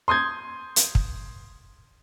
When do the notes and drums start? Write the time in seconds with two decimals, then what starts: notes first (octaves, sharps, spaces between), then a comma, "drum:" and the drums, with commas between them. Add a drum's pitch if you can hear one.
0.08 C6 D#6 G6 G#6
0.76 drum: hi-hat
0.95 drum: kick